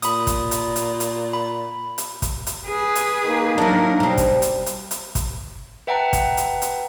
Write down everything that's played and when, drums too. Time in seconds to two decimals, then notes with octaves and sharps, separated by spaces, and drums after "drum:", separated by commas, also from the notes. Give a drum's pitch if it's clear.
0.02 A#2 B5 D#6, drum: hi-hat
0.27 drum: kick, hi-hat
0.51 drum: hi-hat
0.76 drum: hi-hat
1.00 drum: hi-hat
1.33 B5
1.98 drum: hi-hat
2.22 drum: kick, hi-hat
2.47 drum: hi-hat
2.67 G#4 B4
2.95 drum: hi-hat
3.24 D#3 A#3 D#4
3.58 F#3 D4 E4 A#4
4.00 B2 G3 C4
4.17 drum: kick, hi-hat
4.42 drum: hi-hat
4.66 drum: hi-hat
4.91 drum: hi-hat
5.15 drum: kick, hi-hat
5.87 B4 E5 F#5 G5 A5 A#5
6.13 drum: kick, hi-hat
6.37 drum: hi-hat
6.62 drum: hi-hat